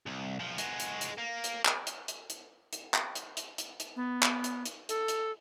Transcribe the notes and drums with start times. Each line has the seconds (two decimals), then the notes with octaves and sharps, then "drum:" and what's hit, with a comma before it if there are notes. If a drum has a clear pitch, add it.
0.06 C2
0.40 B1 F3
0.58 G#3 F#4, drum: hi-hat
0.80 drum: hi-hat
1.01 drum: hi-hat
1.18 A#3
1.44 drum: hi-hat
1.65 drum: clap
1.87 drum: hi-hat
2.08 drum: hi-hat
2.30 drum: hi-hat
2.73 drum: hi-hat
2.94 drum: clap
3.15 drum: hi-hat
3.37 drum: hi-hat
3.58 drum: hi-hat
3.80 drum: hi-hat
3.96 B3
4.23 drum: clap
4.44 drum: hi-hat
4.66 drum: hi-hat
4.89 A4, drum: hi-hat
5.08 drum: hi-hat